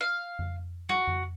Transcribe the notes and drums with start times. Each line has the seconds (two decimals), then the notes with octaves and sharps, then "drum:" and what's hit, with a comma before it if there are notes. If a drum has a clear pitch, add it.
0.01 F5
0.39 drum: tom F2
0.89 F#4, drum: tom
1.07 drum: tom F2